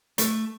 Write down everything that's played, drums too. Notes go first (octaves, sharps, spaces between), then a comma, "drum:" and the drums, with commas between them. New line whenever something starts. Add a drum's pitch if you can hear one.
A3, drum: hi-hat